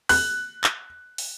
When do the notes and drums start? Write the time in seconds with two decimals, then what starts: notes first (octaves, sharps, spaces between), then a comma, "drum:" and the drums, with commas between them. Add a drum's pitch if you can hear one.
0.09 F#6, drum: open hi-hat
0.64 drum: clap
1.18 drum: open hi-hat